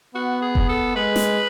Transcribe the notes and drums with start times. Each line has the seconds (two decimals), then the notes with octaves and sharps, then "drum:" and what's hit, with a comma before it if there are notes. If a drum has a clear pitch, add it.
0.15 B3 F#4
0.42 G#4
0.55 drum: kick F1
0.69 A4
0.95 G#3 B4
1.16 drum: snare